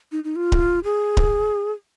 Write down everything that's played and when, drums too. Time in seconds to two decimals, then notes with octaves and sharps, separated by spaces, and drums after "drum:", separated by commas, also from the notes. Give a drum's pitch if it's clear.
0.12 D#4
0.24 D#4
0.36 F4
0.52 drum: kick D1
0.84 G#4
1.17 drum: kick D1